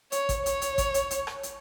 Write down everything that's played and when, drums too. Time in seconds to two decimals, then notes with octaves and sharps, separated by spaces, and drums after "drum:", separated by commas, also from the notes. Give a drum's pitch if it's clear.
0.12 C#5, drum: hi-hat
0.29 drum: kick G#1, hi-hat
0.46 C#5, drum: hi-hat
0.62 drum: hi-hat
0.78 drum: kick G#1, hi-hat
0.94 drum: hi-hat
1.11 drum: hi-hat
1.27 drum: rim click
1.43 drum: hi-hat